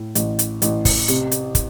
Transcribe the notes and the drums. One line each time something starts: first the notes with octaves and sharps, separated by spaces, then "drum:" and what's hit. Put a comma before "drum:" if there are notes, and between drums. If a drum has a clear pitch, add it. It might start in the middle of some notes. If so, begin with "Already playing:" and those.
Already playing: A2
A1, drum: hi-hat
drum: hi-hat
A1, drum: hi-hat
drum: kick, open hi-hat
C3, drum: hi-hat
drum: hi-hat
drum: kick, hi-hat